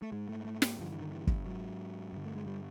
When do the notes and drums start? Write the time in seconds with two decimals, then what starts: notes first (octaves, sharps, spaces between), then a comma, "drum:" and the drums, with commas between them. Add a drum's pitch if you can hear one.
0.02 A3
0.12 G#2 G#3
0.29 A3
0.45 A3
0.62 A#3, drum: snare
0.79 G2 D3 F3
0.91 E3
1.01 D#3
1.12 E3
1.27 drum: kick
1.46 G#2 F#3
2.13 G2 D3
2.25 A3
2.36 G#3
2.47 G3